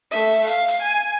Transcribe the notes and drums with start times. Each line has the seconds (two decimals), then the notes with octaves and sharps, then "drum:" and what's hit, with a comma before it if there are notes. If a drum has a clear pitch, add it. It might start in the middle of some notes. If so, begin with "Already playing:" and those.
0.11 A3 E5
0.47 F5, drum: hi-hat
0.68 drum: hi-hat
0.81 G#5